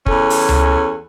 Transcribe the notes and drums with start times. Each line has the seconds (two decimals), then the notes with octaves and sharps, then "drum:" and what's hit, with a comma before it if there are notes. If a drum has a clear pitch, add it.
0.06 E2 C#4 A4, drum: kick
0.30 drum: open hi-hat
0.49 drum: tom C#2